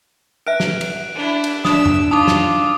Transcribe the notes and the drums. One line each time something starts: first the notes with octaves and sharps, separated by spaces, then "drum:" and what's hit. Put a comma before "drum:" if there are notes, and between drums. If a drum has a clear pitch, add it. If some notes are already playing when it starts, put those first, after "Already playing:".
B4 E5 F#6 D7
drum: snare
drum: cymbal
D4 E4
drum: cymbal
D4 E5 D#6 E6, drum: snare
drum: tom F2
D#4 F4 D6 D#6
drum: snare